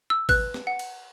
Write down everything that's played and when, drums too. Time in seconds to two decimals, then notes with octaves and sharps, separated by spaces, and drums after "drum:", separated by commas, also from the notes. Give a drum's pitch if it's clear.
0.10 E6
0.29 B4 F#6, drum: kick G#1, cymbal
0.54 drum: snare
0.67 F#5
0.79 drum: cymbal